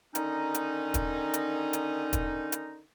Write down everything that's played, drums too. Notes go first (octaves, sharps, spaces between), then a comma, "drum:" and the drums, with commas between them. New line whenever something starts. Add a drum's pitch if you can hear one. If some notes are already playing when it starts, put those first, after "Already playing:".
D3 D#3 C#4 D#4, drum: hi-hat
drum: hi-hat
drum: kick, hi-hat
drum: hi-hat
drum: hi-hat
drum: kick, hi-hat
drum: hi-hat